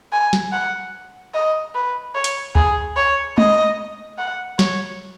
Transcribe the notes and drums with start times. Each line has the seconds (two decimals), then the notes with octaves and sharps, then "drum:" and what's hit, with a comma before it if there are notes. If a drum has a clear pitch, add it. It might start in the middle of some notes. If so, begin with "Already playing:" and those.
0.13 G#5
0.33 drum: snare
0.53 F#5
1.34 D#5
1.75 B4
2.15 C#5
2.24 drum: hi-hat
2.55 G#4, drum: kick D2
2.97 C#5
3.38 D#5, drum: tom G#3
4.19 F#5
4.59 C#5, drum: snare